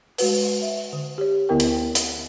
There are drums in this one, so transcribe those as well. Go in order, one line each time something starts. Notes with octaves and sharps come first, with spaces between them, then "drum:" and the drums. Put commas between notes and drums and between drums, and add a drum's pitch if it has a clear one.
G#3 F#4 B4, drum: open hi-hat
E5
D3
G4 C#5
D2 D3 B3 E4 A#4 G5
drum: hi-hat
drum: hi-hat